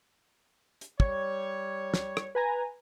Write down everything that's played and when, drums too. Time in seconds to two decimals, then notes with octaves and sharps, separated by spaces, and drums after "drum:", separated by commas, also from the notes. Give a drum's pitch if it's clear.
0.81 drum: hi-hat
1.00 G3 C#5, drum: kick
1.94 drum: snare
2.17 drum: rim click
2.35 B4 G#5 A#5